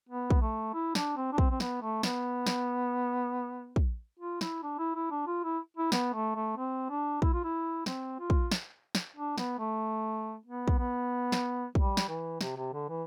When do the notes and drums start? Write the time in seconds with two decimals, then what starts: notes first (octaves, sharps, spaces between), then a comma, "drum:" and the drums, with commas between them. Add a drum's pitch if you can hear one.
0.09 B3
0.30 drum: kick
0.42 A3
0.74 E4
0.95 D4, drum: snare
1.17 C4
1.32 D4
1.38 C4, drum: kick
1.51 C4
1.60 B3, drum: snare
1.82 A3
2.03 B3, drum: snare
2.47 drum: snare
3.76 drum: kick
4.19 F4
4.41 E4, drum: snare
4.63 D4
4.78 E4
4.95 E4
5.11 D4
5.27 F4
5.44 E4
5.77 E4
5.92 B3, drum: snare
6.13 A3
6.35 A3
6.57 C4
6.90 D4
7.22 E4, drum: kick
7.34 F4
7.44 E4
7.86 C4, drum: snare
8.19 F4
8.30 drum: kick
8.51 drum: snare
8.95 drum: snare
9.16 D4
9.38 B3, drum: snare
9.59 A3
10.46 B3
10.68 drum: kick
10.79 B3
11.32 drum: snare
11.75 G3, drum: kick
11.97 drum: snare
12.08 E3
12.41 C3, drum: snare
12.57 C3
12.73 D3
12.89 E3